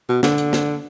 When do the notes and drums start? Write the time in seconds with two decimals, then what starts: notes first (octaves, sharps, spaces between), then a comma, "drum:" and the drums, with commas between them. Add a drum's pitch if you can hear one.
0.09 B2
0.23 D3, drum: snare
0.38 drum: hi-hat
0.53 drum: snare